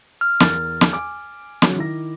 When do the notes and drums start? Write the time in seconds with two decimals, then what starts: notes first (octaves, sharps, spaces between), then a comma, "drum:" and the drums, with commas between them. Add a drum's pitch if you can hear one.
0.21 F6
0.40 E2 A#4 A6, drum: snare
0.81 drum: snare
0.92 G#5 D6
1.62 C#3 F#3, drum: snare
1.76 D#3 E4 A#6